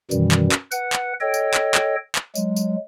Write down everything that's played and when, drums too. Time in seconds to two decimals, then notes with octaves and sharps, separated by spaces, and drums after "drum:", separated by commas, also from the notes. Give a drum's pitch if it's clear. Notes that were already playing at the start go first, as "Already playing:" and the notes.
0.11 F#2 B2 D#3 E3 G3, drum: tambourine
0.32 drum: clap
0.52 drum: clap
0.72 B4 F#5, drum: tambourine
0.93 drum: clap
1.20 A4 C#5 D#5 G5
1.34 drum: tambourine
1.54 drum: clap
1.75 drum: clap
2.16 drum: clap
2.35 F#3 G#3, drum: tambourine
2.56 drum: tambourine